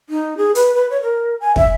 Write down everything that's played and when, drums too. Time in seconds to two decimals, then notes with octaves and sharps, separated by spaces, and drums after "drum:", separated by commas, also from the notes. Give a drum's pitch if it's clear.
0.10 D#4
0.37 G#4
0.55 B4, drum: hi-hat
0.74 B4
0.90 C#5
1.02 A#4
1.41 G#5
1.56 E5, drum: kick